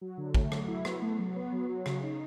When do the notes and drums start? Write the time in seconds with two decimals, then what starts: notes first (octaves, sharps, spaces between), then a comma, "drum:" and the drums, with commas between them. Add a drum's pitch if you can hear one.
0.01 F#3
0.18 D3
0.35 A3, drum: kick
0.52 F#3, drum: rim click
0.68 E4
0.85 B3, drum: rim click
1.02 A3
1.19 F#3
1.36 B3
1.52 F#3
1.69 F#3
1.86 C#3, drum: rim click
2.03 D#4